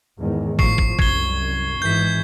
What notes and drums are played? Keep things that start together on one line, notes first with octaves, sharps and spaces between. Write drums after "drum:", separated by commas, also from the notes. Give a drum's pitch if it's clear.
E2 G#2 D#3
A2 F3 C#6 C7, drum: kick
drum: kick
C2 F#2 G#6 C7 G7, drum: kick
G#1 G#2 E3 G6 B6